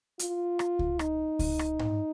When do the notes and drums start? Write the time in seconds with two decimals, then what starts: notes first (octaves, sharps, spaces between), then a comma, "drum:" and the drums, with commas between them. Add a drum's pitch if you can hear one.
0.19 F4, drum: hi-hat
0.59 drum: rim click
0.79 drum: kick C#2
0.99 D#4, drum: rim click
1.39 drum: kick C#2, open hi-hat
1.59 drum: rim click
1.79 drum: tom G#2